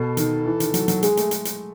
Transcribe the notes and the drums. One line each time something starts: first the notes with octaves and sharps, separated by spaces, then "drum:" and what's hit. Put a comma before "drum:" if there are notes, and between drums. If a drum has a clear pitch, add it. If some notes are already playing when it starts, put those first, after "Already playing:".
Already playing: B2 A4
D#3, drum: hi-hat
E3
D#3, drum: hi-hat
F#3, drum: hi-hat
F#3, drum: hi-hat
G#3 G#4, drum: hi-hat
A3, drum: hi-hat
drum: hi-hat
drum: hi-hat